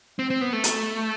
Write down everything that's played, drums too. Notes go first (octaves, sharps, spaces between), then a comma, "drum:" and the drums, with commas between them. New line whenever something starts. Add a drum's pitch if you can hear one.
C4
C4
B3
A3
drum: hi-hat